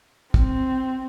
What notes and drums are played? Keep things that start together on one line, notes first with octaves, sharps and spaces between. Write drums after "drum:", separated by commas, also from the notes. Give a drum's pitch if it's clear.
C4, drum: kick